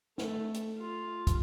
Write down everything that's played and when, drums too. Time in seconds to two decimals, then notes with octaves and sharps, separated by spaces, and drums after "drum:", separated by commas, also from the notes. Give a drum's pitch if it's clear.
0.18 A3, drum: snare
0.54 drum: hi-hat
0.79 F4
1.27 drum: kick, hi-hat